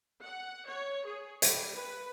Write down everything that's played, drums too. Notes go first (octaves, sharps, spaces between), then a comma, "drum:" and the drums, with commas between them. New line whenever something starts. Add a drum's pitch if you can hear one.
F#5
C#5
G#4
G3, drum: hi-hat
B4